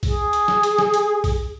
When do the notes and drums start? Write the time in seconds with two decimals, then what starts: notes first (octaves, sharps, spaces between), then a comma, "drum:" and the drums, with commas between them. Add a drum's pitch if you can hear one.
0.03 G#4, drum: kick B1, open hi-hat
0.33 drum: hi-hat
0.48 drum: snare
0.63 drum: hi-hat
0.78 drum: snare
0.94 drum: hi-hat
1.24 drum: kick B1, open hi-hat